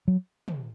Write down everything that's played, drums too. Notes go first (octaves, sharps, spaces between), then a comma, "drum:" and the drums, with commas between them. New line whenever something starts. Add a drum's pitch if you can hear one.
F#3
drum: tom